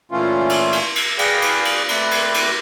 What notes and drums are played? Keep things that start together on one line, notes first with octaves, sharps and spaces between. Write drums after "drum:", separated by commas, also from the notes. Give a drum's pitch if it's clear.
A#2 E3 A3 C#4 F4
drum: cymbal
drum: cymbal
drum: cymbal
G#4 B4 D5 F5 G5, drum: cymbal
drum: cymbal
drum: cymbal
A3 C4 B4 D5, drum: cymbal
drum: cymbal
drum: cymbal